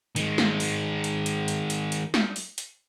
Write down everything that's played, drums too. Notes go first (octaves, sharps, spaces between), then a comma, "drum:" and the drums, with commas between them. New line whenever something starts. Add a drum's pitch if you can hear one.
D#3 G#3, drum: hi-hat
drum: snare
drum: open hi-hat
drum: hi-hat
drum: hi-hat
drum: hi-hat
drum: hi-hat
drum: hi-hat
drum: snare
drum: open hi-hat
drum: hi-hat